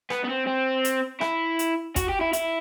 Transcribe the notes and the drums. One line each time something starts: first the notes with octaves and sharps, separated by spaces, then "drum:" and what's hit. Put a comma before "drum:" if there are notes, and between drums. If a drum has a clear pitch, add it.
B3, drum: rim click
B3
C4
C4
drum: hi-hat
E4, drum: rim click
drum: hi-hat
F#4, drum: kick, hi-hat
G4
E4
E4, drum: hi-hat